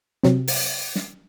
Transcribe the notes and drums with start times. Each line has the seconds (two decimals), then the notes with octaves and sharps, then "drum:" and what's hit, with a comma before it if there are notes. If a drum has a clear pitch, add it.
0.23 C3 F#3 C4, drum: snare
0.48 drum: open hi-hat
0.95 drum: snare